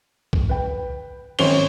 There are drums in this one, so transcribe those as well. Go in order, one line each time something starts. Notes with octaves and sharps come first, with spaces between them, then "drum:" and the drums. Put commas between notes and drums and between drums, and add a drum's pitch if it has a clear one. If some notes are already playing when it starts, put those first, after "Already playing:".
drum: kick C2
B4 G5
G#1 C#4 C5 F7 G7, drum: cymbal